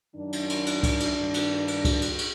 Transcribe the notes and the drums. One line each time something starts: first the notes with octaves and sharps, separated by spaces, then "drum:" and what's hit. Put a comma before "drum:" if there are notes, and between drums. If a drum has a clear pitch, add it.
F#2 D#3 D4
drum: cymbal
drum: cymbal
drum: cymbal
drum: kick C2, cymbal
drum: cymbal
G2 D#3
drum: cymbal
drum: cymbal
drum: kick C2, cymbal
drum: cymbal
drum: cymbal